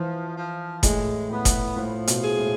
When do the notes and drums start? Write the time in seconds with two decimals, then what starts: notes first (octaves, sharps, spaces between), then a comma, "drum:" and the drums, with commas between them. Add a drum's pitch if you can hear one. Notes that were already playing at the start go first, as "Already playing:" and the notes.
Already playing: E3 F3
0.37 F3
0.83 A2 G#3, drum: kick F#1, hi-hat
1.29 A2 B3
1.45 drum: kick F#1, hi-hat
1.76 A2 F3
2.07 B2, drum: hi-hat
2.23 G#4
2.39 A2